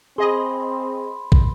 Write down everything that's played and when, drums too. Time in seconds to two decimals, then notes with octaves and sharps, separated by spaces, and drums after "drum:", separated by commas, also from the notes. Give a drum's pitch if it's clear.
0.18 C4 G#4 D#5 B5 C6
1.32 drum: kick